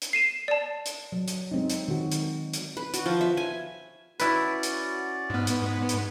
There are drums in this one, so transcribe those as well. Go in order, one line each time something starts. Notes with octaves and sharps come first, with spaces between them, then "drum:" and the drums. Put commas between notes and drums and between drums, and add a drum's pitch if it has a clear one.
drum: hi-hat
C7 D#7 E7
D5 A5
drum: hi-hat
F#3
drum: hi-hat
G#3 C4 D#4
drum: hi-hat
D#3 F#4
drum: hi-hat
drum: hi-hat
B4
F#4, drum: hi-hat
F3
E5
G#5
C#4 E4 F#4 B4 D5, drum: hi-hat
drum: hi-hat
G#2 B3
drum: hi-hat
drum: hi-hat